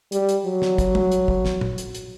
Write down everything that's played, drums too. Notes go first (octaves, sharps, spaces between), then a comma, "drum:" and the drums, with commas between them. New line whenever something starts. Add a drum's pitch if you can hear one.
G3, drum: hi-hat
drum: hi-hat
F#3
drum: snare
drum: kick, hi-hat
drum: tom
drum: hi-hat
drum: kick
drum: snare
drum: tom
drum: hi-hat
drum: hi-hat